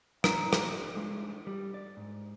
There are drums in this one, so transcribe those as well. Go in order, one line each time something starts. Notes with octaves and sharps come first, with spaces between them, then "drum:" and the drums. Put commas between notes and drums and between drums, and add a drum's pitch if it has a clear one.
A#5, drum: rim click
drum: rim click
G#3
G3
D5
G#2